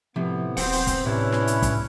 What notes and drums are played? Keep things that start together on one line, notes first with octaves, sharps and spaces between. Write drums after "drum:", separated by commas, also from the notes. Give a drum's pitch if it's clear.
A2 C3 F3 B3
D#1 C4 F#5, drum: open hi-hat
drum: open hi-hat
drum: kick, hi-hat
A2 C3 E3 C#4 D4 E4 B4 C#5
drum: snare
drum: hi-hat
drum: kick, hi-hat